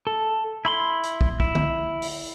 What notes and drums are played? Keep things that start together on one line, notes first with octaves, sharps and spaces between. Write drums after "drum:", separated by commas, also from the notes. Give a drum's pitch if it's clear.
A4
E4 B5 C6
drum: hi-hat
drum: kick
E4, drum: kick
drum: tom D3
drum: open hi-hat